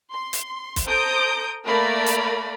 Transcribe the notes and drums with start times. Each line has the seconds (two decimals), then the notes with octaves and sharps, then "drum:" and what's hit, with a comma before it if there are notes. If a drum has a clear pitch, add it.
0.11 C6
0.33 drum: hi-hat
0.76 drum: kick B1, hi-hat
0.86 A4 C5 A#5 D#6 G6 D7
1.67 A3 A#3 A#4 D5 A#5 B5
2.06 drum: hi-hat